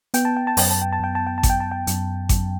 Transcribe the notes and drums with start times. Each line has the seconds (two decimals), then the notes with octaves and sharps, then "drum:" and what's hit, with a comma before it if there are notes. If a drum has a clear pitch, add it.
0.14 B3 G5, drum: hi-hat
0.25 A5
0.37 G5
0.47 A5
0.57 F#2 G5, drum: open hi-hat
0.71 A5
0.82 G5
0.93 A5
1.00 F#2 G5
1.15 A5
1.27 G5
1.38 A5
1.43 F#2, drum: kick G#1, hi-hat
1.50 G5
1.60 A5
1.71 G5
1.87 F#2, drum: hi-hat
2.29 F#2, drum: kick G#1, hi-hat